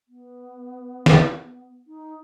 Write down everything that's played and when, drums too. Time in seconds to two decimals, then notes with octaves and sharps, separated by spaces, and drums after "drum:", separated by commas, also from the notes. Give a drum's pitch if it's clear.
0.08 B3
1.06 drum: snare
1.87 D#4